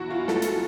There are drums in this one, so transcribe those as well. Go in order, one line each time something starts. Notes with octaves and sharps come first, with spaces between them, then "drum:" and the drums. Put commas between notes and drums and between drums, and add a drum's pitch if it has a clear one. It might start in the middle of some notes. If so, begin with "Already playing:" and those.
Already playing: E2 B2 F#3 E4 F#4
F4
A4, drum: snare
drum: hi-hat